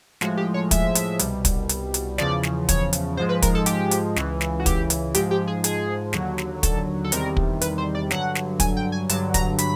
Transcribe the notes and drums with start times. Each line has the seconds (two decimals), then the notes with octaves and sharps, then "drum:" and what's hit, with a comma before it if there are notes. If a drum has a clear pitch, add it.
0.21 A2 F3 G#3 F#4, drum: snare
0.37 G4
0.54 C#5
0.71 E5, drum: kick, hi-hat
0.95 drum: hi-hat
1.19 C2 B2 G3, drum: hi-hat
1.45 drum: kick, hi-hat
1.69 drum: hi-hat
1.94 drum: hi-hat
2.18 E2 C#3 F3 D5, drum: snare
2.43 drum: snare
2.69 C#5, drum: kick, hi-hat
2.93 drum: hi-hat
3.17 G#2 F3 G#3 C5
3.29 B4
3.42 A#4, drum: kick, hi-hat
3.55 A4
3.66 G4, drum: hi-hat
3.91 drum: hi-hat
4.16 C#2 C#3 E3, drum: snare
4.41 drum: snare
4.60 F#4
4.66 G4, drum: kick, hi-hat
4.90 drum: hi-hat
5.14 G#2 F3 G#3 G4, drum: hi-hat
5.31 G4
5.48 G#4
5.64 G#4, drum: hi-hat
6.13 D#2 D3 F#3, drum: snare
6.38 drum: snare
6.63 A4, drum: kick, hi-hat
7.04 A4
7.12 E2 C3 D#3 G3 A#4, drum: hi-hat
7.37 drum: kick
7.61 B4, drum: hi-hat
7.78 C5
7.95 D5
8.11 G2 D3 F#3 F#5, drum: snare
8.35 drum: snare
8.60 G#5, drum: kick, hi-hat
8.77 G5
8.92 G#5
9.09 G2 D3 F#3 A5, drum: hi-hat
9.34 A#5, drum: kick, hi-hat
9.58 B5, drum: hi-hat